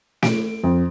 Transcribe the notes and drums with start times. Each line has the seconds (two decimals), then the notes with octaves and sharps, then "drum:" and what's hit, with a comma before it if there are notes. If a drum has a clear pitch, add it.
0.23 D7, drum: snare
0.63 F2